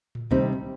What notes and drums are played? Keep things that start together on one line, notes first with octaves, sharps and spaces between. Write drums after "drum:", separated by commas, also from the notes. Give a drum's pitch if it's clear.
drum: tom A2
C3 D#3 G3 C4 D#4, drum: kick C#2